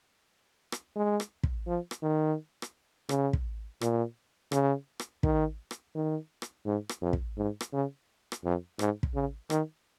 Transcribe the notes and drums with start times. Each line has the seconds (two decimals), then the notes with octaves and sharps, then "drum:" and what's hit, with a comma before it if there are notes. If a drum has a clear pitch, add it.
0.72 drum: rim click
0.96 G#3
1.20 drum: rim click
1.43 drum: kick
1.67 F3
1.91 drum: rim click
2.03 D#3
2.62 drum: rim click
3.09 C#3, drum: rim click
3.33 drum: kick
3.81 A#2, drum: rim click
4.52 C#3, drum: rim click
4.99 drum: rim click
5.23 D#3, drum: kick
5.71 drum: rim click
5.95 D#3
6.42 drum: rim click
6.66 G#2
6.89 drum: rim click
7.01 F2
7.13 drum: kick
7.37 G#2
7.61 drum: rim click
7.73 C#3
8.32 drum: rim click
8.44 F2
8.79 G#2, drum: rim click
9.03 drum: kick
9.15 C#3
9.50 D#3, drum: rim click